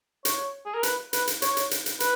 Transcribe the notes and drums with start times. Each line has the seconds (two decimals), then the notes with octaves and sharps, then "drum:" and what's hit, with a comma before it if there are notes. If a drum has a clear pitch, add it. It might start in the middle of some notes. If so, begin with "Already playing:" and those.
0.25 C#5, drum: hi-hat
0.66 G#4
0.74 A#4
0.83 B4, drum: hi-hat
1.13 B4, drum: hi-hat
1.27 drum: hi-hat
1.42 C#5, drum: hi-hat
1.57 drum: hi-hat
1.71 drum: hi-hat
1.86 drum: hi-hat
2.00 B4, drum: hi-hat